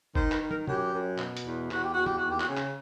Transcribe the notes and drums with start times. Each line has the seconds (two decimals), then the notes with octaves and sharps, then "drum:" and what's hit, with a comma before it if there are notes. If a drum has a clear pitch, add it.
0.15 D#3 C5, drum: kick
0.32 B4, drum: clap
0.42 D#3
0.51 A#4, drum: tom
0.67 F#2 G4, drum: tom
0.93 F#2
1.19 B2, drum: clap
1.37 drum: hi-hat
1.46 E2
1.71 E2 F#4, drum: clap
1.83 G4
1.94 E2 F#4
2.06 G4, drum: tom
2.18 D#2 F#4
2.29 G4
2.40 F#4, drum: clap
2.48 C#3
2.58 drum: clap